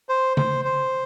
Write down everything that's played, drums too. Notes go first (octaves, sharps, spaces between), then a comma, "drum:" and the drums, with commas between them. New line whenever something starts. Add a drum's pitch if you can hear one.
C5
C5, drum: tom C#3
C5